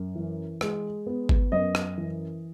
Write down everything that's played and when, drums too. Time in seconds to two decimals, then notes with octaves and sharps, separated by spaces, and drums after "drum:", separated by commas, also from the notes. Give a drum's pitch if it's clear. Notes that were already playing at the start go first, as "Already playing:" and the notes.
Already playing: F#2
0.15 E3
0.61 G#3, drum: rim click
1.07 B3
1.29 drum: kick G1
1.52 F#2 D#5
1.75 drum: rim click
1.98 E3